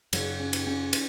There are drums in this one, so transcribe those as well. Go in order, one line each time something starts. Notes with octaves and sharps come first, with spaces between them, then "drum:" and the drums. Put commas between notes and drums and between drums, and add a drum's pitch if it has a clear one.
F#2 C#3 F#3, drum: cymbal
C#4
drum: cymbal
C#4
drum: cymbal